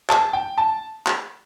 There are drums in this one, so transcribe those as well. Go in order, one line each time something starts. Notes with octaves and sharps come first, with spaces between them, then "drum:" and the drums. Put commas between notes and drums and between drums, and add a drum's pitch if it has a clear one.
A5, drum: clap
G5
A5
drum: clap